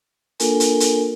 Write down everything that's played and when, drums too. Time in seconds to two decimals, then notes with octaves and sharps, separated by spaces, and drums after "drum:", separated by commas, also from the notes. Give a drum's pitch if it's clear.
0.40 A#3 D4 F4 A4 A#4 G#5, drum: hi-hat
0.60 drum: hi-hat
0.80 drum: hi-hat